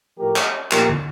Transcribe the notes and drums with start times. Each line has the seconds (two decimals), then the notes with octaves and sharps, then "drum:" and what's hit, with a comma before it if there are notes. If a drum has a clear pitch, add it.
0.18 A2 F3 A3 G4 A#4
0.36 drum: clap
0.71 A#2 F3 A3 G4 A#4, drum: clap
0.89 drum: tom